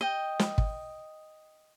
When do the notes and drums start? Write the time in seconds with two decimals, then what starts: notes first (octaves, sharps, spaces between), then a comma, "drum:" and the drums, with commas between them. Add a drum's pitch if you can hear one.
0.01 D#5 G5
0.39 drum: snare
0.58 drum: kick